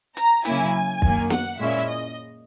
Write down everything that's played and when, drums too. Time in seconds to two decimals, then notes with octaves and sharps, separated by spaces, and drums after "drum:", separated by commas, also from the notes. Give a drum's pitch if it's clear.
0.17 A#5, drum: hi-hat
0.45 C#3 F#3 A#3 E4 G#5, drum: hi-hat
1.02 F#2 D#3 A#3, drum: kick
1.30 F#5, drum: snare
1.59 A#2 G#3 C#4 E4 E5
1.88 D#5